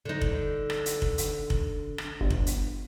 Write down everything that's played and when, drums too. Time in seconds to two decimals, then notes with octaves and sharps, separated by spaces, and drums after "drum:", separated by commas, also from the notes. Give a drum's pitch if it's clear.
0.05 D3 D#4
0.21 drum: kick F1
0.70 drum: rim click
0.86 drum: hi-hat
1.02 drum: kick F1
1.18 drum: hi-hat
1.50 drum: kick F1
1.98 drum: rim click
2.21 G1
2.30 drum: kick F1
2.46 drum: hi-hat